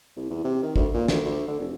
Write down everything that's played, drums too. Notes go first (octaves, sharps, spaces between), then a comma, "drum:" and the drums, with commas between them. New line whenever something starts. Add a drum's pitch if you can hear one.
C2
E2
C3
D#3
D2, drum: kick
A#2
D2, drum: snare
D2
D3
F1